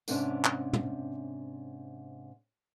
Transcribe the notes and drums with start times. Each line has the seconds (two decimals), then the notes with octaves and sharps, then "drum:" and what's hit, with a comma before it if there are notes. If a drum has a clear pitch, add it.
0.08 G#2 C3 B3 C#4 D4, drum: tambourine
0.45 drum: clap
0.73 drum: tom